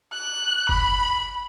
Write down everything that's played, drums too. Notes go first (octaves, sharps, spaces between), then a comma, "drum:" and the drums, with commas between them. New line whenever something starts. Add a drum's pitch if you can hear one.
F#6
B5, drum: kick F#1